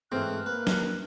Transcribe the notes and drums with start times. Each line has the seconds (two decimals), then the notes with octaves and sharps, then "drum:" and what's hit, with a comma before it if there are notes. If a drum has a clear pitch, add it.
0.12 G#2 E3 A3 C4 F6 F#6
0.46 A#3 B4
0.67 drum: snare